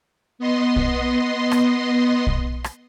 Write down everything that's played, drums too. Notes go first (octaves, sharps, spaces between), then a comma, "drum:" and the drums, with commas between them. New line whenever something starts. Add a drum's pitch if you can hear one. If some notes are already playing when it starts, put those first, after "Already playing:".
B3 D#5 C6
drum: kick
drum: rim click
drum: kick
drum: rim click